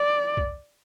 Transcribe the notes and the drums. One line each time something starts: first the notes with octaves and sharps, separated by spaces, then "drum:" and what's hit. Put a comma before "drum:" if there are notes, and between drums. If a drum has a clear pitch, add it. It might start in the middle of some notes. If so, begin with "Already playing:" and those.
Already playing: D5
drum: kick